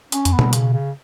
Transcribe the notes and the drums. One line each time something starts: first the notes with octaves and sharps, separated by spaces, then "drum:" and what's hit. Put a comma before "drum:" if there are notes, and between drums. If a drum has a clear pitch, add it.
C#4, drum: hi-hat
F2, drum: hi-hat
B3
B2, drum: tom B2
C#3, drum: hi-hat
C#3